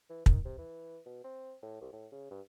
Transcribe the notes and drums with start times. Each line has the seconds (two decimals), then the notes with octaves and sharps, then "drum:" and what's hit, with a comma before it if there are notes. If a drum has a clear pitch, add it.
0.10 E3
0.26 D#3, drum: kick
0.45 C3
0.59 E3
1.06 B2
1.24 C4
1.63 A2
1.81 C2
1.93 A2
2.12 C#3
2.31 G2